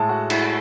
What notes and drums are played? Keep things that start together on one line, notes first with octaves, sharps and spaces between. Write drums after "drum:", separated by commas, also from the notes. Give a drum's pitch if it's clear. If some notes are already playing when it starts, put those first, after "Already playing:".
Already playing: A2 G#3 A4 A5
F#4 F#5
E4 E5, drum: cymbal